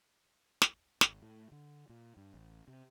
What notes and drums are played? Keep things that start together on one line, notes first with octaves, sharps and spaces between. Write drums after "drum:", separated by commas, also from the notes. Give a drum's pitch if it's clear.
drum: snare
G#1, drum: snare
A2
D3
A#2
G2
A1
C3